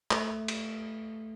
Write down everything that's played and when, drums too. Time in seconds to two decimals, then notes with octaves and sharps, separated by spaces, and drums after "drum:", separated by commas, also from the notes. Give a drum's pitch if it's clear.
0.11 A3, drum: clap
0.48 drum: cymbal